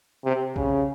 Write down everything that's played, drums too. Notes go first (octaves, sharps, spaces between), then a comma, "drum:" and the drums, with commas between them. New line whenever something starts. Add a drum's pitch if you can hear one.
C3
C#3, drum: kick